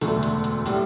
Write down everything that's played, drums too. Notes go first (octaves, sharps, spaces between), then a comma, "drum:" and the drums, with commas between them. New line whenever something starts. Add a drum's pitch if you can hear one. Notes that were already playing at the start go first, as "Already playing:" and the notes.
E1 D2 D3 A3, drum: open hi-hat
drum: hi-hat
drum: hi-hat
A2 G3, drum: open hi-hat